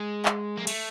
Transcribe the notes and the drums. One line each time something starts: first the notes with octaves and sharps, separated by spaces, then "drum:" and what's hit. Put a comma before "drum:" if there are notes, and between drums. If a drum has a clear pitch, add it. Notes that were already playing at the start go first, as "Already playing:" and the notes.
Already playing: G#3
drum: clap
A#3
A3, drum: cymbal